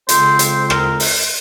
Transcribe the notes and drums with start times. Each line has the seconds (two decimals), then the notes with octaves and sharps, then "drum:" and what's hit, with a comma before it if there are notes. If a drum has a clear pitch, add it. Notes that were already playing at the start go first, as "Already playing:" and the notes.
0.09 F2 C#3 G#3 C4 C5, drum: hi-hat
0.39 drum: hi-hat
0.70 A#4, drum: rim click
1.00 drum: open hi-hat